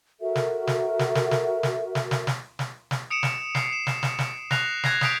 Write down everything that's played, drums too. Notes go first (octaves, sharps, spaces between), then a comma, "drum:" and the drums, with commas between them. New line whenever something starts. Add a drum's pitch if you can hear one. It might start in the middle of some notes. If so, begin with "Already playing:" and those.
F#4 A4 A#4 E5
drum: snare
drum: snare
drum: snare
drum: snare
drum: snare
drum: snare
drum: snare
drum: snare
drum: snare
drum: snare
drum: snare
D#6 C#7 D7 E7
drum: snare
C7, drum: snare
E7
drum: snare
drum: snare
drum: snare
F#6 A#6 C7 F7, drum: snare
F#6 G#6 A#6 C7, drum: snare
D#6 G6 B6 C7 D7, drum: snare